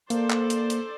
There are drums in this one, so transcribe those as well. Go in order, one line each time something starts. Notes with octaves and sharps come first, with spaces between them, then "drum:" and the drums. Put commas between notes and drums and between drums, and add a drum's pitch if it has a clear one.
A#3 A4 C5 D5, drum: hi-hat
drum: clap
drum: hi-hat
drum: hi-hat